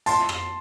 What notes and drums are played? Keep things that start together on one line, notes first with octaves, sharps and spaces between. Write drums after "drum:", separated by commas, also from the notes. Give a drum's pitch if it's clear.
A5 C6, drum: hi-hat
drum: rim click